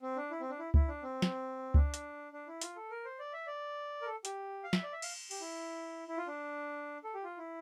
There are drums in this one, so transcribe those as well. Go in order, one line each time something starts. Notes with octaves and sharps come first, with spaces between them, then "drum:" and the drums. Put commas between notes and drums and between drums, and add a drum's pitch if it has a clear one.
C4
D4
E4
C4
D4
E4
E4, drum: kick C#2
D4
C4
drum: snare
D4, drum: kick C#2
drum: hi-hat
D4
E4
F4, drum: hi-hat
A4
A#4
C5
D5
E5
D5
A#4
A4
G4, drum: hi-hat
F5
E5, drum: snare
D5
E5
F5, drum: cymbal
G4, drum: cymbal
E4
E4
F4
D4
A4
G4
F4
E4